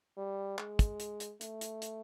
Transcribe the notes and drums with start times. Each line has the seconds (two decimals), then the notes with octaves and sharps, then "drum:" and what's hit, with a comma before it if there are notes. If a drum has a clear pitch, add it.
0.18 G3
0.58 G#3, drum: clap
0.79 drum: kick, hi-hat
1.00 drum: hi-hat
1.20 drum: hi-hat
1.41 A3, drum: hi-hat
1.61 drum: hi-hat
1.82 drum: hi-hat